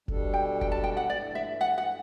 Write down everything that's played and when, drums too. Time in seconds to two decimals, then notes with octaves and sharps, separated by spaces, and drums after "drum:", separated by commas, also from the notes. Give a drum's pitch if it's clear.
0.08 B2 G3 D4 A4, drum: kick F1
0.34 G5
0.61 G5, drum: kick F1
0.72 A5
0.84 G5
0.97 F#5
1.10 G2 E3 A3 D5
1.35 E5
1.61 F#5
1.78 F#5